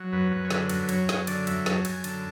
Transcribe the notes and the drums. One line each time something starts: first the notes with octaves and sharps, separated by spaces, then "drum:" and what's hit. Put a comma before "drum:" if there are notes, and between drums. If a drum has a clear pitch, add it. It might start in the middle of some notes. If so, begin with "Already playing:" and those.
Already playing: F#3
F#2 B4
F#2
C#5
D3 B4, drum: snare
F#3, drum: cymbal
B4
F#2 C#5, drum: cymbal
F#2, drum: snare
D3 D5, drum: cymbal
F#3 E5, drum: cymbal
F#2 A5, drum: snare
F#2 G#5, drum: cymbal
D3 A5, drum: cymbal